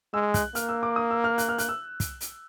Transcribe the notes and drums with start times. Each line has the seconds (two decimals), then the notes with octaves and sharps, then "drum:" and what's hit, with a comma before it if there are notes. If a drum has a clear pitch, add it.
0.14 G#3 E6
0.34 F#6, drum: kick, hi-hat
0.55 A#3 F6, drum: hi-hat
0.69 E6
0.83 D6
0.96 D#6
1.11 E6
1.24 F6
1.38 F#6, drum: hi-hat
1.49 F6
1.58 F#6, drum: hi-hat
1.69 E6
2.00 drum: kick, hi-hat
2.21 drum: hi-hat